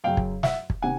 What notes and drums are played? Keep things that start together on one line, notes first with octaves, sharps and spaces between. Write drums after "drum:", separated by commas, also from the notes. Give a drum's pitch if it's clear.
F#2 C#3 F#3 F5 G5
drum: kick
E5 F#5, drum: snare
drum: kick
C3 D#3 F#5 G#5